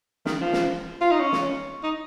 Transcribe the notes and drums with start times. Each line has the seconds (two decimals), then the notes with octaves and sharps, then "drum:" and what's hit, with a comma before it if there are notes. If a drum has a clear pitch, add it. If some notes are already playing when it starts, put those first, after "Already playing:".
0.26 D#3, drum: snare
0.41 F3
0.53 drum: snare
1.01 F4
1.11 D#4
1.20 C#4
1.32 drum: snare
1.84 D#4